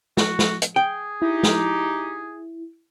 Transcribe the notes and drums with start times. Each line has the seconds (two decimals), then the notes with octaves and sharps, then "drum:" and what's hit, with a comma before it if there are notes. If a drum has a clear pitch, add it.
0.17 F#4, drum: snare
0.39 drum: snare
0.62 drum: hi-hat
0.76 G#4 G5
1.22 D#4 E4 G4
1.43 drum: snare